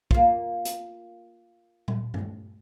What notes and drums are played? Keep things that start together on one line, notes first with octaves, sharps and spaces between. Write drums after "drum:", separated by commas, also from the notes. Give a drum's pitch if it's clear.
A#3 F4, drum: kick
drum: hi-hat
drum: tom A#2
drum: tom G2